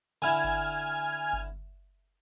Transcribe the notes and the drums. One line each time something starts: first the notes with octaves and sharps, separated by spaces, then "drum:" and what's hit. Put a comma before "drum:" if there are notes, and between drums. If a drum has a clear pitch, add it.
D3 E4 G#5 F6 G#6
drum: kick G1
drum: kick G1